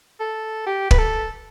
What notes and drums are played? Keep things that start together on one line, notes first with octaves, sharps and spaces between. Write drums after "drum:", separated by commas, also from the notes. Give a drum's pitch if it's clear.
A4
G4
B4, drum: kick
A4